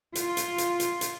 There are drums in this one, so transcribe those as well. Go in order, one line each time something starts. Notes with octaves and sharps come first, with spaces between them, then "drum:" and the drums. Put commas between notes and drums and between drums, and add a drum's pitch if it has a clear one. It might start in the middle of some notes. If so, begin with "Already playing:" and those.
F4, drum: hi-hat
drum: hi-hat
drum: hi-hat
drum: hi-hat
drum: hi-hat